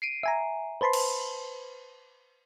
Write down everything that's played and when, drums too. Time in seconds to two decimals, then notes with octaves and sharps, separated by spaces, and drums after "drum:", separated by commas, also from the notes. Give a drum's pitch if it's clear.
0.02 C7 D7 D#7
0.23 E5 G#5 A#5
0.81 B4 C5 A5 B5 C6
0.93 drum: cymbal